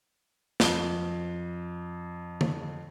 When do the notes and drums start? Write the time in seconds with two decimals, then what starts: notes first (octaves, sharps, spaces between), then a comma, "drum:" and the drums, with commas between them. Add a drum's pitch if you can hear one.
0.60 F2 G7, drum: snare
2.41 drum: tom D3